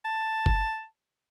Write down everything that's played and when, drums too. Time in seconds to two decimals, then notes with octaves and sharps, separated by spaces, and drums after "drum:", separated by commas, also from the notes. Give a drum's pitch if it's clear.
0.05 A5
0.46 drum: kick